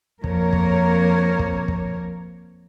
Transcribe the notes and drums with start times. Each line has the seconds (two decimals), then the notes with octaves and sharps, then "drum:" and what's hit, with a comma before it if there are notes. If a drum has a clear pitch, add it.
0.24 F2 A#3 A#4 C#5, drum: kick
0.53 drum: kick
1.39 drum: kick
1.68 drum: kick